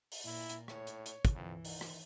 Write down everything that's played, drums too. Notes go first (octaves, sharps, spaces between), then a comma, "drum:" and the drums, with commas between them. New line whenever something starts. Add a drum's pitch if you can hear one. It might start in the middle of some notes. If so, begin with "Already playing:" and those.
drum: open hi-hat
A#2 E4
drum: hi-hat
A2 C#5, drum: rim click
drum: hi-hat
drum: hi-hat
drum: kick, hi-hat
F2 E3
D#3, drum: open hi-hat
drum: rim click